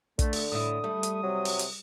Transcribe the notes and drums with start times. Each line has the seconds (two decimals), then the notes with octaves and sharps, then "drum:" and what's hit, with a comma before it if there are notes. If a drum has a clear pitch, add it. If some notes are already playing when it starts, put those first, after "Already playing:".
0.19 D3 A3, drum: kick, hi-hat
0.33 drum: open hi-hat
0.52 A2 E4 D#6
0.84 G3 A3
1.03 drum: hi-hat
1.23 C3 F#3
1.45 drum: open hi-hat
1.59 drum: hi-hat